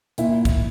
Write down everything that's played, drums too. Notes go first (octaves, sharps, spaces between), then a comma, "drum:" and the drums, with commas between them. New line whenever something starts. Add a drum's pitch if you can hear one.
A#2 E4, drum: hi-hat
drum: kick, hi-hat